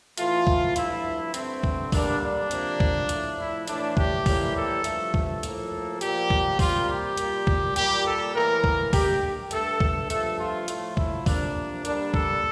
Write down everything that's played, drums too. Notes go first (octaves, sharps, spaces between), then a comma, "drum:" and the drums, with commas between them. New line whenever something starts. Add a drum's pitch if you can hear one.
A2 E3 A3 F4, drum: hi-hat
drum: kick C2
G2 F3 A3 E4, drum: hi-hat
G2 D3 A3 C4, drum: hi-hat
drum: kick C2
D3 G3 A#3 D4, drum: kick C2, open hi-hat
D4
C3 F3 A#3, drum: hi-hat
drum: kick C2
A2 F3 A3, drum: hi-hat
E4
A2 E3 A3 D4, drum: hi-hat
G4, drum: kick C2
A2 E3 G3 A#3, drum: kick C2, open hi-hat
A4
G2 F3 A3, drum: hi-hat
A4, drum: kick C2
A2 F3 A#3, drum: hi-hat
A#2 F3 A#3 G4, drum: hi-hat
drum: kick C2
C3 G3 A#3 F4, drum: kick C2, open hi-hat
G4
A#2 G3 A#3, drum: hi-hat
drum: kick C2
A#2 G3 A#3 G4, drum: hi-hat
A4
A2 E3 A#3 A#4
drum: kick C2
D3 A3 G4, drum: kick C2, open hi-hat
G2 D3 A3 A4, drum: hi-hat
drum: kick C2
G2 F3 A3 A4, drum: hi-hat
F4
A2 F3 A3, drum: hi-hat
E4, drum: kick C2
C3 F3 A#3 D4, drum: kick C2, open hi-hat
D3 G3 A#3 D4, drum: hi-hat
A4, drum: kick C2